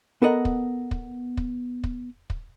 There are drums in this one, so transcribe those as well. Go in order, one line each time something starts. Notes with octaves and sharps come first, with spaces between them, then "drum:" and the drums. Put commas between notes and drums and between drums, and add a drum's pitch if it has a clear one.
B3 A4 A#4 D#5 F#5
drum: kick
drum: kick
drum: kick
drum: kick
drum: kick